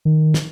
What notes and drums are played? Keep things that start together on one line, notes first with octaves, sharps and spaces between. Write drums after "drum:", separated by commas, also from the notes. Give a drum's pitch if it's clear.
D#3
drum: snare